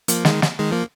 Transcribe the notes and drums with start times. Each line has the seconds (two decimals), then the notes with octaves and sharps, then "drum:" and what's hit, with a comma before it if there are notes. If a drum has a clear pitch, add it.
0.08 F3 A#3, drum: hi-hat
0.25 D#3 G#3, drum: snare
0.42 drum: snare
0.59 D#3 G#3
0.71 F3 A#3